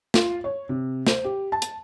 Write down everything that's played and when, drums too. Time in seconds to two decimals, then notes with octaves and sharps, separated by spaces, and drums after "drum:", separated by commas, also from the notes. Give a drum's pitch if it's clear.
0.14 F4, drum: snare
0.44 C#5
0.69 C3
1.07 C5, drum: snare
1.25 G4
1.52 A5
1.62 drum: hi-hat